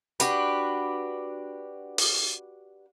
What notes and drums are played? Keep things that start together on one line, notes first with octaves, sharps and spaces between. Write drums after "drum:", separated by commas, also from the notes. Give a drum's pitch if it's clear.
D4 F#4 G4 B4, drum: hi-hat
drum: open hi-hat